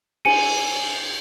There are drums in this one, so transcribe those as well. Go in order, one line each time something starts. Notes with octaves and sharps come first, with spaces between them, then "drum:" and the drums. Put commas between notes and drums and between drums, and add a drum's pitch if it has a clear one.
G#5 C#7 D#7, drum: cymbal